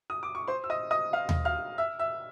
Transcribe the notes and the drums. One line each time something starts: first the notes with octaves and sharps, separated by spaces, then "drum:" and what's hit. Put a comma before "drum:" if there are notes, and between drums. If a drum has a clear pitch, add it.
D#6
D6
C#6
C5 C6
E6
D#5 D#6
D#5 D#6
F5 F6
drum: tom D#2
F5 F6
E5 E6
E5 E6